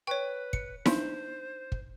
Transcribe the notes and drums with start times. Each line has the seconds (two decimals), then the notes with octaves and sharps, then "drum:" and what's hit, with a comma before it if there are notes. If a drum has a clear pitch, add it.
0.07 B4 C#5 G5 C#6
0.53 C#7, drum: kick
0.86 D4 D#4 C5, drum: snare E4
1.72 drum: kick